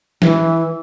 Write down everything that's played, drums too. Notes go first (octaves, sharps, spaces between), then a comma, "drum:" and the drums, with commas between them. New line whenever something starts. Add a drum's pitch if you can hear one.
E3, drum: snare